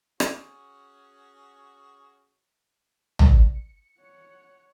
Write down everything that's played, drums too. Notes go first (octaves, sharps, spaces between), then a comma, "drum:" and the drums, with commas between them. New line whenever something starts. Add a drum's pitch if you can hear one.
C#4 F#4 G#4, drum: rim click
D5, drum: tom A#1
C#7
C#5 F#5